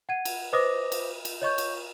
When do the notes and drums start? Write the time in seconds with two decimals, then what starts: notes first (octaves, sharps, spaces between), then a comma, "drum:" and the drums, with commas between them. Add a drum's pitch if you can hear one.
0.09 F#5 G#6 D#7
0.25 drum: cymbal
0.53 B4 C5 D#5 D6 D#6 A#6
0.92 drum: cymbal
1.25 drum: cymbal
1.41 C#5 D#5 C#6 G6
1.58 drum: cymbal